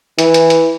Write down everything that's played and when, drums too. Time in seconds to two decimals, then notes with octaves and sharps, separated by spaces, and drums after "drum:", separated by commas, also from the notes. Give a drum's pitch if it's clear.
0.19 E3, drum: hi-hat
0.34 drum: hi-hat
0.50 drum: hi-hat